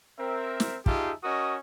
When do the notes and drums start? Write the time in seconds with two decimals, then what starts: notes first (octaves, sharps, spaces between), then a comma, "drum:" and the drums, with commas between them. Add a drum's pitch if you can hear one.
0.19 C4 A#4 E5
0.60 drum: snare
0.86 D#4 F4 G4 G#4 E5 A5, drum: kick
1.23 C#4 F#4 A#4 D#5 D#6